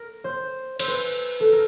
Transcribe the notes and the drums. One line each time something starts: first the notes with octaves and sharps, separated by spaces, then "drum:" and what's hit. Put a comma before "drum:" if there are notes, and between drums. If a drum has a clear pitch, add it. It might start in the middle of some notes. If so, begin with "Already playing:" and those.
Already playing: A#4
C5
C5, drum: cymbal
B4
A4
A#4